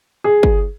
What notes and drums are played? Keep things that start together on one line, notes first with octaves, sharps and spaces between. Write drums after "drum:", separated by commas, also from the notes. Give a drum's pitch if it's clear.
G#4
drum: kick